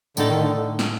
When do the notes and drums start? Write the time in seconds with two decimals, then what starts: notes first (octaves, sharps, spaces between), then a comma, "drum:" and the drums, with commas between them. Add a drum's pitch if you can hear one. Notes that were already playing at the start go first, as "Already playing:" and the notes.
0.17 A2 D3 A3 D#4 A4, drum: tambourine
0.29 D#3
0.41 D3
0.79 drum: snare